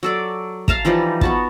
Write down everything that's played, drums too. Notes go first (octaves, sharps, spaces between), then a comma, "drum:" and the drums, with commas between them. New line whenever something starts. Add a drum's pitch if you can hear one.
F#3 A4 D5
F5 A5 A#5, drum: kick
E3 F3 G3 D#4
B3 F#4 A5, drum: kick